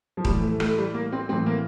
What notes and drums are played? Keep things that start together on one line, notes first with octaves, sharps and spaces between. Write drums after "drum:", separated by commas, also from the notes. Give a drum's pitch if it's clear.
F3
A2 E3 G3, drum: kick D#1
A3
A3, drum: rim click
G3
A#3
C4
A2 E3 C4
A#3